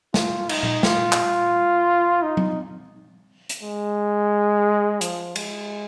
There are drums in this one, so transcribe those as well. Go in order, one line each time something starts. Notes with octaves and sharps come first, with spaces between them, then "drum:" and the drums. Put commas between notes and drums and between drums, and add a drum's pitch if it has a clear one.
F4, drum: snare
D#4, drum: cymbal
drum: tom A#2
F4, drum: snare
drum: clap
D#4
drum: tom F#3
drum: hi-hat
G#3
F3, drum: hi-hat
G#3, drum: cymbal